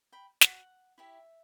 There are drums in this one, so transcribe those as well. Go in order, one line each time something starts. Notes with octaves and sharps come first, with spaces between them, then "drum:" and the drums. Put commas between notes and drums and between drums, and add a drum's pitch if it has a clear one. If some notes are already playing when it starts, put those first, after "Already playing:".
G5 B5
F#4 C#5 F#5, drum: snare
E4 G4 C#5 E5